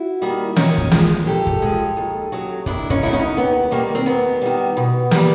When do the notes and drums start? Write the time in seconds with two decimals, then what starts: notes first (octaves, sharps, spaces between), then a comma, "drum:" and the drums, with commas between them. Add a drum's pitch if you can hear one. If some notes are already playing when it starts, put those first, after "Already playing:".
Already playing: E4 F#4
0.22 D#3 G3 A#3
0.56 A#2 C#4 D#4, drum: snare
0.78 drum: kick
0.91 F3 G#3, drum: snare
1.26 A#2 G4 A4
1.47 drum: kick
1.62 F3 G#3
1.97 D#2
2.32 C#3 F#3
2.66 D#2 D4 E4, drum: kick
2.90 C#4 D#4, drum: kick
3.02 C#3 F#3 E4
3.13 C#4 D#4
3.37 D#2 B3
3.71 D#3 G3 A#3
3.95 C4, drum: hi-hat
4.06 D#2 B3
4.41 D#3 G3
4.77 B2
5.11 G3 A#3, drum: snare